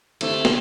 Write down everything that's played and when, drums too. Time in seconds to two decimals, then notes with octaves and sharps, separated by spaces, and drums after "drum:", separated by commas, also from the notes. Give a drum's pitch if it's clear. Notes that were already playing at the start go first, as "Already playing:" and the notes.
0.21 D3 A3 C4 E4 G4, drum: cymbal
0.45 drum: snare